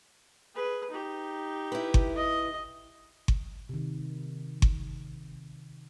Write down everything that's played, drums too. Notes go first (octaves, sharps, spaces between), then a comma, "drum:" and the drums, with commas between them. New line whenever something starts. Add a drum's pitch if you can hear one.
G#4 B4
D#4 G4
E4 B4
drum: kick G1
D#5
drum: kick G1
C3 D#3
drum: kick G1